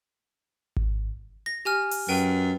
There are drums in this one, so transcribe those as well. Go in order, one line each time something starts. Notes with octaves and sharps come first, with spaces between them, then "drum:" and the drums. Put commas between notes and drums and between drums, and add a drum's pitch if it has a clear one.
drum: kick G#1
A#6
G4 G#5 F6
drum: open hi-hat
F#2 B4 G5 D#7